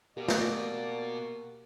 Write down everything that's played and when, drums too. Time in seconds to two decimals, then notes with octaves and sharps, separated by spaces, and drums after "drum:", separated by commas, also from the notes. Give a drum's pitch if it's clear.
0.17 B2 A#3 G4 D5
0.28 drum: snare